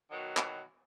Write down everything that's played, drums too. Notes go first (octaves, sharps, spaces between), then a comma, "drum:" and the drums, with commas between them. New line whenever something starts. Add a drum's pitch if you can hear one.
B2 D#3 F#3
drum: clap